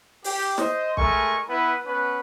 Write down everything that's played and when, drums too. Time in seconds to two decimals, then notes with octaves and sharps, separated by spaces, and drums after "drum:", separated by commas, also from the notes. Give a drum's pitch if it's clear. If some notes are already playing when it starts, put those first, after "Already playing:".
0.24 G4, drum: open hi-hat
0.58 C5 D#5, drum: snare
0.97 G#3 A3 A#4 G#5 C#6, drum: kick B1
1.49 B3 E4 B4
1.85 B3 C#4 B4